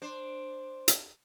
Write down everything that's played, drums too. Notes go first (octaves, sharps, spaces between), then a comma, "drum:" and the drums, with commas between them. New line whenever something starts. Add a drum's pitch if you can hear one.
D4 C5
drum: hi-hat